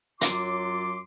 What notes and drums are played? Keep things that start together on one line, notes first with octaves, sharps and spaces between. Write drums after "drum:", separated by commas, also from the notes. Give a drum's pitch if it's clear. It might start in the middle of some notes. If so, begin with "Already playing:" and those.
F#2 F#3 F4 C6 D6, drum: hi-hat